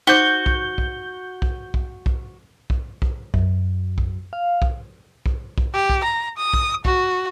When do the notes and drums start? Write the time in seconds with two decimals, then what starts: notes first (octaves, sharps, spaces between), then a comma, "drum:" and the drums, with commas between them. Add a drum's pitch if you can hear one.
0.07 D#4 F#4 C5 D6 G6 G7
0.46 drum: kick B1
0.78 drum: kick B1
1.42 drum: kick B1
1.74 drum: kick B1
2.06 drum: kick B1
2.70 drum: kick B1
3.02 drum: kick B1
3.34 F#2, drum: kick B1
3.98 drum: kick B1
4.33 F5
4.62 drum: kick B1
5.26 drum: kick B1
5.58 drum: kick B1
5.74 G4
5.90 drum: kick B1
6.04 A#5
6.37 D#6
6.53 drum: kick B1
6.85 F#4, drum: kick B1